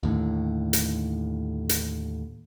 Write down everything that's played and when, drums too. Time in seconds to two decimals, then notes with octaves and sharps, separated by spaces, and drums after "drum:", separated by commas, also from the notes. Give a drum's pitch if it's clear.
0.03 D#2 A2 D3
0.73 drum: hi-hat
1.69 drum: hi-hat